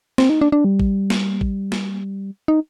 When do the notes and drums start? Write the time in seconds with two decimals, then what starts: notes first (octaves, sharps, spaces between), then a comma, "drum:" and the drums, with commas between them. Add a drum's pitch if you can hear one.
0.18 C4, drum: snare
0.30 D#4
0.41 D4
0.52 D4
0.65 G3
0.80 drum: kick A1
1.10 drum: snare
1.41 drum: kick A1
1.72 drum: snare
2.48 D#4